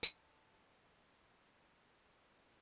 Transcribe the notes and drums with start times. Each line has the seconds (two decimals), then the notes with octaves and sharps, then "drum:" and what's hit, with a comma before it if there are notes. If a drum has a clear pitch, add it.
0.03 E5 A5, drum: tambourine